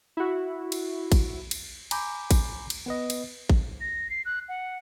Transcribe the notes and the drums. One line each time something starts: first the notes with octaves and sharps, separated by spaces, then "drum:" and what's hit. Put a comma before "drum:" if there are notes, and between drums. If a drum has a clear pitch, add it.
E4 F#4
drum: cymbal
drum: kick G#1, cymbal
drum: cymbal
G#5 A#5 B5 D6 G6, drum: cymbal
drum: kick G#1, cymbal
drum: cymbal
B3 B4 D#5
drum: cymbal
drum: kick G#1
A#6
C7
F#6
F#5